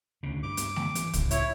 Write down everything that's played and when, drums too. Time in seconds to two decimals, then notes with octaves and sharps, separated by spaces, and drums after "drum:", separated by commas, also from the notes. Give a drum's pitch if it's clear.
0.23 D2 C#3
0.43 G2 D6
0.57 drum: hi-hat
0.76 drum: snare
0.95 E3, drum: hi-hat
1.13 C#2 A2, drum: kick, hi-hat
1.31 E4 C#5, drum: hi-hat